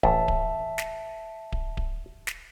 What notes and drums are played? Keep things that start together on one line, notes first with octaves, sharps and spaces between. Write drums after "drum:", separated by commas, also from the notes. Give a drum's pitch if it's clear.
A1 E5 A5, drum: kick D1
drum: kick D1
drum: snare
drum: kick D1
drum: kick D1
drum: snare